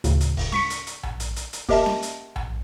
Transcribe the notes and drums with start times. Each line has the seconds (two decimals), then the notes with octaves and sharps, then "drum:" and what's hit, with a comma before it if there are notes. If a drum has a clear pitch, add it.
0.04 D2 A2 C#3, drum: hi-hat
0.21 drum: hi-hat
0.37 drum: kick, open hi-hat
0.52 C#6 B6 C#7, drum: snare C#4
0.70 drum: hi-hat
0.87 drum: hi-hat
1.03 drum: tom A#1
1.20 drum: hi-hat
1.36 drum: hi-hat
1.53 drum: hi-hat
1.69 A#3 G4 A#4 D#5 E5 A5, drum: kick, open hi-hat
1.86 drum: snare C#4
2.03 drum: hi-hat
2.36 drum: tom A#1